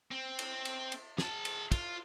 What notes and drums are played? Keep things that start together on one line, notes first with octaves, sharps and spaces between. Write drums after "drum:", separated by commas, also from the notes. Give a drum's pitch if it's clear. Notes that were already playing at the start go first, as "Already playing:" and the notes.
C4
drum: cymbal
drum: cymbal
drum: cymbal
G#4 A5, drum: snare
drum: cymbal
F4, drum: kick, cymbal